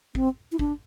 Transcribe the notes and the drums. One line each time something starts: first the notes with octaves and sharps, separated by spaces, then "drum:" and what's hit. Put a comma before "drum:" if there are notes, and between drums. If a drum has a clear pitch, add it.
C4, drum: kick
E4
D4, drum: kick